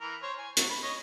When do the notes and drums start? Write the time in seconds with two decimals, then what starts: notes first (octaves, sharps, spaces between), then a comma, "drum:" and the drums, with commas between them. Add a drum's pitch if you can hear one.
0.01 E3 A#4
0.23 C5 C#5
0.39 G#5
0.57 F#3, drum: hi-hat
0.70 B5
0.83 C#5 D#5